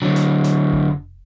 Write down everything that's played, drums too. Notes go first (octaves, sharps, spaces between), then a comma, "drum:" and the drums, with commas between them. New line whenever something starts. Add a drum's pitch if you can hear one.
D3 F#3
drum: snare
drum: snare
drum: kick F1